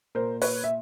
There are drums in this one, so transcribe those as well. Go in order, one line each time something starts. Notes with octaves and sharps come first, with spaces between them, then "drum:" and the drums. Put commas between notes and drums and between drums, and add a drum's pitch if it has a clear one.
A#2 A#4 C5
B4 C#5, drum: open hi-hat
E5